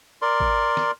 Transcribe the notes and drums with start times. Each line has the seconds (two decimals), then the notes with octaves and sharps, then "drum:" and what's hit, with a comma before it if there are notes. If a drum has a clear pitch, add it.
0.22 A#4 D5 C6
0.40 drum: kick G#1
0.77 drum: snare